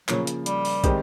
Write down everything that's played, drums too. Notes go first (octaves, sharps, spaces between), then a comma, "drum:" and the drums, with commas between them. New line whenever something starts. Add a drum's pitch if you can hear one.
C#3 F3 F#3 A#3, drum: clap
drum: hi-hat
G3, drum: hi-hat
drum: open hi-hat
D#3 G#3 C4 D#4 G4, drum: kick, hi-hat